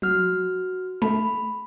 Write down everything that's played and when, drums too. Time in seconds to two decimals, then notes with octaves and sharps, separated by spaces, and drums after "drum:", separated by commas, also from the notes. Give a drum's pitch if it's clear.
0.02 F#4 F6, drum: tom F3
1.02 A3 B5